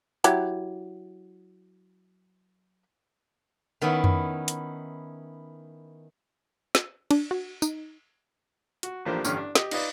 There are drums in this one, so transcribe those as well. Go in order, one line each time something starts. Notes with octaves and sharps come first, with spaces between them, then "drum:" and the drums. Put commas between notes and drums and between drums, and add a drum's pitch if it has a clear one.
F#3 E4 G4, drum: hi-hat
D#3 B3 C#4 D#4 E4
drum: tom F2
drum: hi-hat
drum: snare
D4, drum: cymbal
F#4
D#4, drum: tambourine
F#4, drum: hi-hat
A1 F3 A#3 D4 G4 C5
A1 G2 D3 C#4 G4 F6, drum: tambourine
D4
G4 D#5, drum: snare
D#4 F4 B4 D5 D#5, drum: cymbal